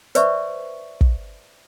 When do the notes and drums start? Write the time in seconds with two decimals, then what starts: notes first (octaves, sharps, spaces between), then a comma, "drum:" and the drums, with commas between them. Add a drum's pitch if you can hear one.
0.15 B4 C5 D5 E5 C#6, drum: hi-hat
1.01 drum: kick